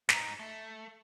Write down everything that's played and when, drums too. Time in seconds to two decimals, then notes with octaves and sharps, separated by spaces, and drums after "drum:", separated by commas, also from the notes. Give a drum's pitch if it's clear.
0.09 G#2 D#4, drum: snare
0.39 A3